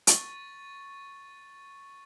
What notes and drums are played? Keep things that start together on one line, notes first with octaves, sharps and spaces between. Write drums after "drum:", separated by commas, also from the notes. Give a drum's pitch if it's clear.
C#6 A6, drum: hi-hat